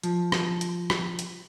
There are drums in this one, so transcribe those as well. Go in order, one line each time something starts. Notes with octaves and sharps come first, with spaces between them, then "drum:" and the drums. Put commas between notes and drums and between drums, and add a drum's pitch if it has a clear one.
F3, drum: hi-hat
drum: rim click
drum: hi-hat
drum: rim click
drum: hi-hat